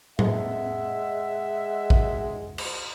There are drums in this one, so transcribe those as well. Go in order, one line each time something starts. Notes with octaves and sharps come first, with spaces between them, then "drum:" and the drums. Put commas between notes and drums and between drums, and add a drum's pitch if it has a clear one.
G#3 D#5 E5 F#5, drum: tom A2
drum: kick A1
drum: cymbal